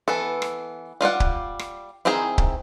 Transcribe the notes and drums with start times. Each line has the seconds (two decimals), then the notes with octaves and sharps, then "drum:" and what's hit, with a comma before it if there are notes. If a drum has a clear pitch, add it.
0.08 E3 B3 A4
0.42 drum: rim click
1.01 G3 F4 D5 F#5
1.20 drum: kick C#1
1.59 drum: rim click
2.05 D#3 C4 E4 G#4 A#5
2.38 drum: kick C#1